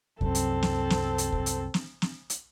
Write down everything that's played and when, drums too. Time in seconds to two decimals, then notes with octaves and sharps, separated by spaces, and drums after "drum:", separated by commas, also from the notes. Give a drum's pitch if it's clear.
0.21 C2 F#2 C4 A4, drum: kick
0.35 drum: hi-hat
0.63 drum: snare
0.90 drum: snare
1.18 drum: hi-hat
1.32 drum: kick
1.46 drum: hi-hat
1.74 drum: snare
2.02 drum: snare
2.30 drum: hi-hat